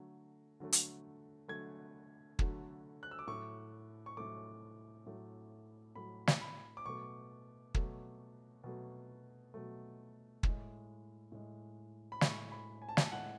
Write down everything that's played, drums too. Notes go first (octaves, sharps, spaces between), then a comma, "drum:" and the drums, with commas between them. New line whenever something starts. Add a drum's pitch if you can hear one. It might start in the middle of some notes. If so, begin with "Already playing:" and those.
Already playing: D3 F#3 A3
D3 F#3 A3
drum: hi-hat
D3 F#3 A3 G#6
D3 F#3 A3, drum: kick
F#6
E6
D6
A2 F#3 A3 C#6
C#6
A2 F#3 A3 D6
A2 F#3 A3
A2 F#3 A3 B5
drum: snare
B5
D6
B2 F#3 A3 C#6
B2 F#3 A3, drum: kick
B2 F#3 A3
B2 F#3 A3
A2 G#3, drum: kick
A2 G#3
B5
A2 G#3 C#6, drum: snare
B5
G#5
A5
G#5, drum: snare
A2 G#3 F#5